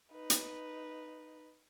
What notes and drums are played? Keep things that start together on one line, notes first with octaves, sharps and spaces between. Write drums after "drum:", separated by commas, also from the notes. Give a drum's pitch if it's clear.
D#4 B4
drum: hi-hat